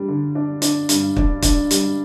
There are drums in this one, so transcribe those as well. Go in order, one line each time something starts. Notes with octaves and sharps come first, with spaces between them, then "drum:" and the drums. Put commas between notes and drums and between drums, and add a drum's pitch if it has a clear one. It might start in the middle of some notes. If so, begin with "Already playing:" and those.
Already playing: G3 D4
D3
D4
D4, drum: hi-hat
G2, drum: hi-hat
D4, drum: kick
D4, drum: kick, hi-hat
G3, drum: hi-hat